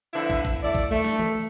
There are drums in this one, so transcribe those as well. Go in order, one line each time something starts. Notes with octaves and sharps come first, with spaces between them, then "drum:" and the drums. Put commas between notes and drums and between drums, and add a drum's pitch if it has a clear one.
D3 F3 B3 E4
drum: kick
drum: kick
A3 E4 D5
drum: kick
A3
drum: snare
drum: tom